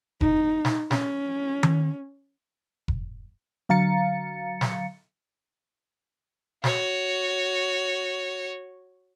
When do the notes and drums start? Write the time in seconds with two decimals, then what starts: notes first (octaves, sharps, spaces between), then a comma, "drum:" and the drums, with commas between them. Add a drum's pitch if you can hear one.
0.21 D#4, drum: kick F1
0.65 drum: snare
0.91 C#4, drum: snare
1.63 drum: tom D#3
2.88 drum: kick F1
3.69 D3 F#3 F5 A#5 A6 C#7
4.61 drum: snare
6.64 F#4 C#5, drum: snare